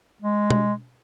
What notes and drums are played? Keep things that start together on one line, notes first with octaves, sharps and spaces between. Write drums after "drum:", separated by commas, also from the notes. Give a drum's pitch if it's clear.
G#3
drum: tom B2